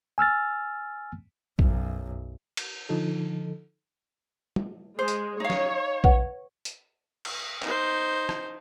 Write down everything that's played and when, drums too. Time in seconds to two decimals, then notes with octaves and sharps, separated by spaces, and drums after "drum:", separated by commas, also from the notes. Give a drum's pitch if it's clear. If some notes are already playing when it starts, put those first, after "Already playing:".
0.18 G#5 E6 F6 A6
1.59 B1 F#2, drum: kick A#1
2.57 drum: cymbal
2.89 D3 F3 D#4 A4
4.56 drum: tom
4.99 G#3 C5
5.08 drum: hi-hat
5.40 D#4 C#5 F5
5.50 drum: snare
6.04 B4 F#5, drum: kick A#1
6.65 drum: hi-hat
7.25 drum: cymbal
7.62 D#4 C5, drum: clap
8.29 drum: rim click